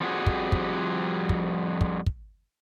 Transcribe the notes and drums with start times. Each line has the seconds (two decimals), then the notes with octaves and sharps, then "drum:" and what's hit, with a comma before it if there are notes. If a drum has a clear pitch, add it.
0.01 F2 F3 G3 B3 F#4 G#4
0.26 drum: kick
0.52 drum: kick
1.29 drum: kick
1.81 drum: kick
2.06 drum: kick